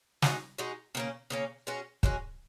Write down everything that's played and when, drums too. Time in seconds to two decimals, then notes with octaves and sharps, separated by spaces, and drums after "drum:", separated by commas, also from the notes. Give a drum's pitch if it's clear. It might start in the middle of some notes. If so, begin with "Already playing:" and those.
0.22 G#3 D#4 F#4, drum: snare
0.58 G#3 D#4 F#4
0.95 C#3 A#3 C#4
1.30 C#3 A#3 C#4
1.67 G#3 C#4 F#4
2.03 G#3 C#4 F#4, drum: kick